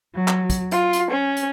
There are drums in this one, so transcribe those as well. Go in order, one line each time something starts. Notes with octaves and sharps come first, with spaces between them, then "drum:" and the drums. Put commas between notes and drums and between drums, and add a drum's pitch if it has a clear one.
F#3
drum: clap
drum: kick, hi-hat
F4, drum: hi-hat
drum: hi-hat
C#4
drum: hi-hat